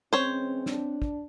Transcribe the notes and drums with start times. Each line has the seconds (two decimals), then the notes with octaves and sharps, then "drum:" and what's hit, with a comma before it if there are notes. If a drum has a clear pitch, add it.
0.13 E3 G#3 C4 C#4 C5 C#5
0.66 D4, drum: snare
1.02 drum: kick